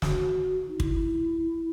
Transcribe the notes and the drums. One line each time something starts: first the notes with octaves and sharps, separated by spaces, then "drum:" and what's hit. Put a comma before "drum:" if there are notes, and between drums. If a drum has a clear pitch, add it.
F#4, drum: snare
D#4
E4, drum: kick